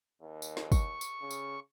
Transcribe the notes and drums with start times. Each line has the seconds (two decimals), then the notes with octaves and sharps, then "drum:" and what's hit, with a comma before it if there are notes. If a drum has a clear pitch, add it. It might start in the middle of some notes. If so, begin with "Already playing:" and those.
0.22 D#2
0.42 drum: tambourine
0.57 drum: snare
0.72 C#6, drum: kick, tambourine
1.01 drum: tambourine
1.21 C#3
1.31 drum: tambourine